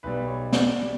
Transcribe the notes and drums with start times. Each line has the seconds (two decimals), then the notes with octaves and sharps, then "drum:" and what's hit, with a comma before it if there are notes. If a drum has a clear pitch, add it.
0.03 B1 B2 G3 B4
0.28 C#5
0.52 D5, drum: snare
0.78 B2 G3